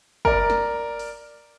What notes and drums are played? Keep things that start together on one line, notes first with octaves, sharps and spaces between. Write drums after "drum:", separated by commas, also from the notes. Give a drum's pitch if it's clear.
A#4 D5, drum: kick
drum: snare
drum: open hi-hat